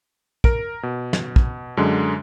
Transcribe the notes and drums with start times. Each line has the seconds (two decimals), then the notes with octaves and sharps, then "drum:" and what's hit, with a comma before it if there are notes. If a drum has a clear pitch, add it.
0.44 A#4 D7, drum: kick
0.83 B2
1.13 drum: snare
1.36 drum: kick
1.77 F#2 D3 G#3